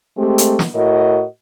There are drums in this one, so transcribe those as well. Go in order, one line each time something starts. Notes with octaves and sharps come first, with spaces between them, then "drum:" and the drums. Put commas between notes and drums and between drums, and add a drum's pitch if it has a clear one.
G#3 A3 C4 G4
drum: hi-hat
drum: snare
A2 F#4 A#4 D#5